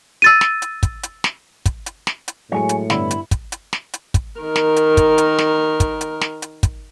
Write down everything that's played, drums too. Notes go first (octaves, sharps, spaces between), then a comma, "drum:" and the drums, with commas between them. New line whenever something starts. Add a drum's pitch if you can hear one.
E6 A6 D#7
drum: snare
drum: hi-hat
drum: kick, hi-hat
drum: hi-hat
drum: snare
drum: kick, hi-hat
drum: hi-hat
drum: snare
drum: hi-hat
A2 F#3 G#3 C#5 G#5 C#7
drum: hi-hat
G2 D3 B3 E4, drum: snare
drum: hi-hat
drum: kick, hi-hat
drum: hi-hat
drum: snare
drum: hi-hat
drum: kick, hi-hat
D#3 A#4
drum: snare
drum: hi-hat
drum: kick, hi-hat
drum: hi-hat
drum: snare
drum: kick, hi-hat
drum: hi-hat
drum: snare
drum: hi-hat
drum: kick, hi-hat